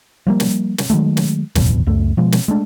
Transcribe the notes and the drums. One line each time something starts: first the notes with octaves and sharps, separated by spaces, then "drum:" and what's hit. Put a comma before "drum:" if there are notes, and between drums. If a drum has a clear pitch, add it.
F3 G3 A#3
drum: snare
drum: snare
D#3 F#3 G#3 A3
drum: snare
D#1 A1 F2 B2, drum: snare
C#2 F#2 A3
B2 F3 G#3
drum: snare
G#3 A3 D4